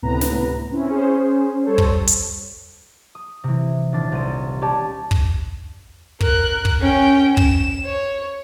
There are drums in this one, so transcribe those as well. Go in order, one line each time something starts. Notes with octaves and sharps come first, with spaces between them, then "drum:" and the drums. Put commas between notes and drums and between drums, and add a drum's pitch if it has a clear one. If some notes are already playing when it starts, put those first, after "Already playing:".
C#2 A2 C3 B3 B4 A#5
drum: snare
C4 C#4 E4
C#4 G#4 C5
G3 A4 C5 C#5
drum: kick
drum: hi-hat
D#6
C3 E3
D#1 D4 A6
C2 D#7
C#4 G4 D5 A5
drum: kick
A#4 F#6, drum: kick
drum: kick
C#4 G5
E7, drum: kick
C#5